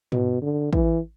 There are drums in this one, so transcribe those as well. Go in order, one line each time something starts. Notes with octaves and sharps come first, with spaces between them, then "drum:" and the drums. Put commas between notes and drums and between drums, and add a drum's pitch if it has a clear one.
B2, drum: tom
D3
E3, drum: kick